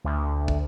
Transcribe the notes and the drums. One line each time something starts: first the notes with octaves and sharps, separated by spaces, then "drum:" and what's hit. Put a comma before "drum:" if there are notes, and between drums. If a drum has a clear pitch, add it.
D2
drum: kick